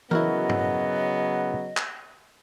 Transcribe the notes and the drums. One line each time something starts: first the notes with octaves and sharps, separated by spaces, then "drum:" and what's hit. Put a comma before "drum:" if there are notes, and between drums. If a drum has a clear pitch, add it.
C#3 F#3 B3 E4 F#4 A#4 D#5, drum: tom E3
drum: tom G2
drum: clap